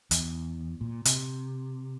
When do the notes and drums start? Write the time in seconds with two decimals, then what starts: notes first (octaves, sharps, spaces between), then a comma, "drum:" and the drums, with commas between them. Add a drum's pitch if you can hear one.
0.11 E2, drum: hi-hat
0.81 A#2
1.05 C3, drum: hi-hat